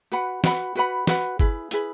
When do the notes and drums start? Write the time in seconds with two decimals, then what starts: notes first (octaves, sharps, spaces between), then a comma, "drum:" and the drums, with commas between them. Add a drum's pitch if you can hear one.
0.12 F#4 B4 F#5 B5
0.44 F#4 B4 F#5 B5, drum: snare
0.75 F#4 B4 F#5 B5
1.07 F#4 B4 F#5 B5, drum: snare
1.39 E4 G#4 B4, drum: kick G1
1.71 E4 G#4 B4, drum: hi-hat